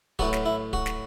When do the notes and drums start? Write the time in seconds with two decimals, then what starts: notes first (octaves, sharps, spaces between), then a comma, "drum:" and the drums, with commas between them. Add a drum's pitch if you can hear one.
0.19 A2 F#3 B3 F#4, drum: kick D1
0.33 drum: snare
0.46 E4
0.73 F#4, drum: kick D1
0.86 drum: snare